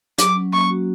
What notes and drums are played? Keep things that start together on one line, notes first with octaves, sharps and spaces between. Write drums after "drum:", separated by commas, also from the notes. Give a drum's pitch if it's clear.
F#3 D6, drum: hi-hat
C#4
A#3 C#6
F#4